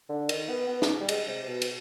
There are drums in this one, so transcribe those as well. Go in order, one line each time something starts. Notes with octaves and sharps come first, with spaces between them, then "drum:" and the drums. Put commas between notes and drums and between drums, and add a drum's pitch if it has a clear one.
D3
D#3, drum: cymbal
B3
B3
drum: snare
G3
G#3, drum: cymbal
C3
B2
drum: cymbal